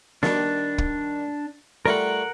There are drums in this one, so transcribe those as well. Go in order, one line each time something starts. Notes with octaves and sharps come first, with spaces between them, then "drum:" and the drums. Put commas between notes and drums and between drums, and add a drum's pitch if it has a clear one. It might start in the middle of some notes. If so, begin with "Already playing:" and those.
D#3 G3 D4, drum: snare
drum: kick
G3 A3 F4 A#4 F#5